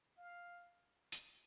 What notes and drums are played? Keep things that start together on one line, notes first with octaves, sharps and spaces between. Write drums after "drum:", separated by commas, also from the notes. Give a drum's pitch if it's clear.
F5
drum: hi-hat